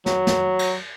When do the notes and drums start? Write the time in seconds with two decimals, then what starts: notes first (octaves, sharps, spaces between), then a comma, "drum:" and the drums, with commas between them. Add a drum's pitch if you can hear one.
0.06 F#3, drum: snare
0.27 drum: snare
0.59 drum: cymbal